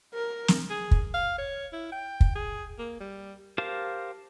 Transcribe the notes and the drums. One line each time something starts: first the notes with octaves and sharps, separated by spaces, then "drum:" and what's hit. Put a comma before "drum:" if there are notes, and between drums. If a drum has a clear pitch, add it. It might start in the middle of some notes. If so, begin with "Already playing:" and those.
A#4
drum: snare
G#4
drum: kick
F5
C#5
E4
G5
drum: kick
G#4
A#3
G3
G4 A#4 C5 F5 A5